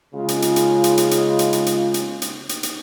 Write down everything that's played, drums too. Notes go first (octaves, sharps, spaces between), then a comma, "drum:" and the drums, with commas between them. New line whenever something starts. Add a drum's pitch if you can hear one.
C#3 G#3 F4
drum: hi-hat
drum: hi-hat
drum: hi-hat
drum: hi-hat
drum: hi-hat
drum: hi-hat
drum: hi-hat
drum: hi-hat
drum: hi-hat
drum: hi-hat
drum: hi-hat
drum: hi-hat
drum: hi-hat